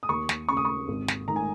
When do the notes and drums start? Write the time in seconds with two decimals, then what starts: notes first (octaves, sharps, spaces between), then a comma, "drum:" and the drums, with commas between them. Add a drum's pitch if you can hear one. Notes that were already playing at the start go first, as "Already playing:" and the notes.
0.03 D#6
0.09 D#2 C#6
0.29 drum: snare
0.49 C#3 C#6
0.57 D#6
0.65 C#6
0.88 G#1
1.08 drum: snare
1.28 G#2 D#3 A#5
1.36 G#5